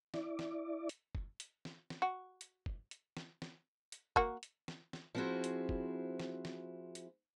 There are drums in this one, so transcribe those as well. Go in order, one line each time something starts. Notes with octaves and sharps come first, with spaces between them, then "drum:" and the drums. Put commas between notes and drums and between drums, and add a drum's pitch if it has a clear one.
E4 D5, drum: snare
drum: snare
drum: hi-hat
drum: kick
drum: hi-hat
drum: snare
drum: snare
F#4
drum: hi-hat
drum: kick
drum: hi-hat
drum: snare
drum: snare
drum: hi-hat
A#3 F#4, drum: kick
drum: hi-hat
drum: snare
drum: snare
F3 B3 C4 E4 F#4 G#4
drum: hi-hat
drum: kick
drum: snare
drum: snare
drum: hi-hat